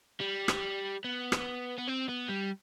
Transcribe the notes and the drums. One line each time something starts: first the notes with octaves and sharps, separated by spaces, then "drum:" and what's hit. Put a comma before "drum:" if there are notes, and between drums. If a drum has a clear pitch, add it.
G3
drum: rim click
B3
drum: rim click
B3
C4
B3
G3